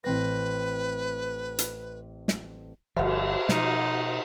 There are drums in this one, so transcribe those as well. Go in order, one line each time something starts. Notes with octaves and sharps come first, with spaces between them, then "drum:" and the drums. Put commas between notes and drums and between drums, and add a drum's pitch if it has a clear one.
A1 C4 B4 A#6
drum: hi-hat
drum: snare
G1 F3, drum: cymbal
B2 F3 D#4, drum: snare